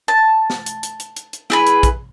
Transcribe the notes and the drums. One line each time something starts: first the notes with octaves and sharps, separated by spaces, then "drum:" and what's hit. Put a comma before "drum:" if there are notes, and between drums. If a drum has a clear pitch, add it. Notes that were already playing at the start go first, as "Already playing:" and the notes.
A5
drum: snare
drum: hi-hat
drum: hi-hat
drum: hi-hat
drum: hi-hat
drum: hi-hat
E4 G#4 B4, drum: snare
drum: hi-hat
drum: kick, hi-hat